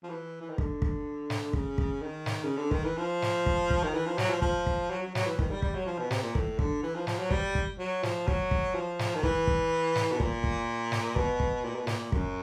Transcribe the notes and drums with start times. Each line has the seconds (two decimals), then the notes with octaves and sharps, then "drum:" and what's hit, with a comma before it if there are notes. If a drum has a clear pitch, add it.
0.03 F3
0.10 E3
0.41 E3
0.50 D#3
0.58 D3, drum: kick
0.82 drum: kick
1.30 drum: snare
1.53 C#3, drum: kick
1.78 drum: kick
2.02 D#3
2.26 drum: snare
2.44 C#3
2.57 D3
2.71 D#3, drum: kick
2.84 E3
2.98 F3
3.22 drum: snare
3.46 drum: kick
3.70 drum: kick
3.83 D#3
3.94 E3
4.07 F3
4.18 F#3, drum: snare
4.30 F3
4.42 F3, drum: kick
4.66 drum: kick
4.91 F#3
5.03 F#3
5.15 F#3, drum: snare
5.26 E3
5.39 D#3, drum: kick
5.50 G3
5.62 G3, drum: kick
5.75 F#3
5.86 F3
5.98 B2
6.11 C3, drum: snare
6.22 A#2
6.35 A2, drum: kick
6.59 D3, drum: kick
6.83 E3
6.96 F3
7.07 F3, drum: snare
7.19 F#3
7.31 G3, drum: kick
7.55 drum: kick
7.79 F#3
8.03 F3, drum: snare
8.28 F#3, drum: kick
8.51 drum: kick
8.75 F3
8.99 drum: snare
9.15 D#3
9.23 E3, drum: kick
9.47 drum: kick
9.95 drum: snare
10.12 B2
10.20 A#2, drum: kick
10.44 drum: kick
10.92 drum: snare
11.16 B2, drum: kick
11.40 drum: kick
11.64 A#2
11.75 B2
11.87 A#2, drum: snare
12.12 F#2, drum: kick